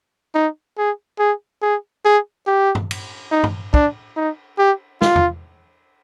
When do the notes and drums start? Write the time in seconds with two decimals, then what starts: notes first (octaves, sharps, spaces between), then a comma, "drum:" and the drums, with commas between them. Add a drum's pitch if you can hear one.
0.35 D#4
0.78 G#4
1.19 G#4
1.63 G#4
2.05 G#4
2.47 G4
2.75 drum: tom G2
2.91 drum: cymbal
3.32 D#4
3.44 drum: tom G2
3.74 D4, drum: kick
4.17 D#4
4.59 G4
5.02 F4, drum: snare
5.16 drum: tom E2